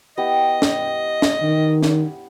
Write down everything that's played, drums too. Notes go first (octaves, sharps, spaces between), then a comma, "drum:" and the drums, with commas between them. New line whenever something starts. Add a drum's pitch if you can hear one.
B3 E4 G4 D#5
drum: snare
drum: snare
D#3
drum: snare